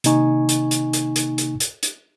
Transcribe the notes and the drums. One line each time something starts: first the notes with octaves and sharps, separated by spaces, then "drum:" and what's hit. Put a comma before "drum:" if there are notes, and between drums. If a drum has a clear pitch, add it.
C3 D#3 A#3 D#4 G#5 C#6, drum: hi-hat
drum: hi-hat
drum: hi-hat
drum: hi-hat
drum: hi-hat
drum: hi-hat
drum: hi-hat
drum: hi-hat